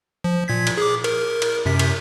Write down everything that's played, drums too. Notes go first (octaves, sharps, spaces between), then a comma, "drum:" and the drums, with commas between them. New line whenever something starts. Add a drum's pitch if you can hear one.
F3
A#2 G#6 B6
drum: cymbal
G#4 D6
A#4, drum: cymbal
drum: cymbal
F#2 C3 B6
drum: cymbal